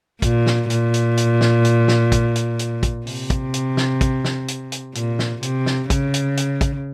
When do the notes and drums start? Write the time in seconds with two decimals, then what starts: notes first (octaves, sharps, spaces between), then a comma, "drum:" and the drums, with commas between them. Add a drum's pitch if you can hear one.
0.22 A#2, drum: kick, hi-hat
0.46 drum: snare
0.70 A#2, drum: hi-hat
0.94 drum: hi-hat
1.17 drum: hi-hat
1.41 drum: snare
1.65 drum: hi-hat
1.88 drum: snare
2.12 drum: kick, hi-hat
2.36 drum: hi-hat
2.59 drum: hi-hat
2.83 drum: kick, hi-hat
3.07 C3, drum: open hi-hat
3.30 drum: kick, hi-hat
3.54 drum: hi-hat
3.77 drum: snare
4.01 drum: kick, hi-hat
4.25 drum: snare
4.48 drum: hi-hat
4.72 drum: hi-hat
4.95 A#2, drum: hi-hat
5.19 drum: snare
5.43 C3, drum: hi-hat
5.66 drum: snare
5.90 C#3, drum: kick, hi-hat
6.14 drum: hi-hat
6.37 drum: hi-hat
6.61 drum: kick, hi-hat